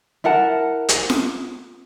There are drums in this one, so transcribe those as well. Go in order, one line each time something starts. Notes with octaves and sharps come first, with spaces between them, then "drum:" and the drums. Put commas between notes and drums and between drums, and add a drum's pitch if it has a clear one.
E4 A#4 F#5 A5
drum: hi-hat
drum: snare F4